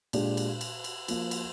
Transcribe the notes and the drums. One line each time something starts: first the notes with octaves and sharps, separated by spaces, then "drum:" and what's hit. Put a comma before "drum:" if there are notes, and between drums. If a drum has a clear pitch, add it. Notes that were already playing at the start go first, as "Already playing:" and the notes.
A#2 G#3 D4 G4, drum: cymbal
drum: cymbal
drum: cymbal
drum: cymbal
F3 A#3 F4, drum: cymbal
drum: cymbal